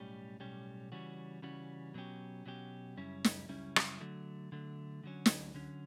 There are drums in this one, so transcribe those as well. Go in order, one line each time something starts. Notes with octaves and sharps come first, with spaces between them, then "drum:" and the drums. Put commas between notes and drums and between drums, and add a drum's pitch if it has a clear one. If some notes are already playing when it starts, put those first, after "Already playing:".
Already playing: B1 A2 G3 C#4 G4
B1 A2 G3 C#4 G4
C#3 E3 G3 C#4 F#4
C#3 E3 G3 C#4 F#4
B2 F#3 C#4 G4
B2 F#3 C#4 G4
F#2 C#3 G3 C#4 E4
drum: snare
F#2 C#3 G3 C#4 E4
drum: rim click
D3 F#3 A3
D3 F#3 A3
D3 F#3 C#4
drum: snare
D3 F#3 C#4